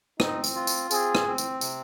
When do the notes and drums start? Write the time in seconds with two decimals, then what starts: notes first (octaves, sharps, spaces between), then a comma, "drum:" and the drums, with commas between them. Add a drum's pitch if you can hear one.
0.20 C4 D#4, drum: rim click
0.44 drum: tambourine
0.55 F4
0.67 drum: tambourine
0.91 C4 G#4, drum: tambourine
1.15 drum: rim click
1.27 C4
1.38 drum: tambourine
1.61 C3, drum: tambourine